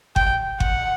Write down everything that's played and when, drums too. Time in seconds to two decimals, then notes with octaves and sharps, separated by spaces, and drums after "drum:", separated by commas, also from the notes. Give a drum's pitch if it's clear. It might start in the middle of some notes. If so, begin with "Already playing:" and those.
0.16 G5, drum: kick G1
0.60 F#5, drum: kick G1